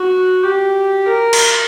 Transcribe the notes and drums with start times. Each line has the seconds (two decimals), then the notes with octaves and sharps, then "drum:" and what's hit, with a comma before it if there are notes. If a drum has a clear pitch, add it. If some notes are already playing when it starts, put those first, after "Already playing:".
Already playing: F#4
0.43 G4
1.06 A#4
1.33 drum: cymbal